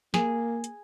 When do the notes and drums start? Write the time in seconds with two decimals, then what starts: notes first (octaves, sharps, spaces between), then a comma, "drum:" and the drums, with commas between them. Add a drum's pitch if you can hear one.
0.14 A#3 G#4, drum: snare
0.64 drum: hi-hat